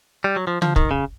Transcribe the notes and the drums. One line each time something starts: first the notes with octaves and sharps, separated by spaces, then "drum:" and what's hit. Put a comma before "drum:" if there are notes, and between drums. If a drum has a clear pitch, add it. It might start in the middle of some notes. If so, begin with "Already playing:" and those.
G3
F#3
F3
F3, drum: tom
D#3, drum: kick
C#3